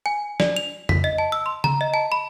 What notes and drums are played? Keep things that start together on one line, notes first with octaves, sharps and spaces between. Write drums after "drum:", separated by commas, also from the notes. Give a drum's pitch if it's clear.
G#5
D5, drum: snare
F7
B6, drum: tom F2
D#5
A5
E6
C6
A#5, drum: tom C#3
D#5
A5
B5